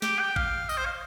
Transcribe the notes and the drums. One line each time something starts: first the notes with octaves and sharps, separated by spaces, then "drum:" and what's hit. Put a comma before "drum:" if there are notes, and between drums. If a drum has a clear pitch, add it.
G4, drum: snare
G5
F5, drum: kick
D#5, drum: tambourine
C5
F5